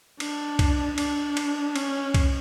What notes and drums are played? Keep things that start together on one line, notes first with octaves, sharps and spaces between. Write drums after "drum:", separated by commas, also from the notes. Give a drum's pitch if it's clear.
D4, drum: cymbal
drum: kick C2, cymbal
D4, drum: cymbal
drum: cymbal
C#4, drum: cymbal
drum: kick C2, cymbal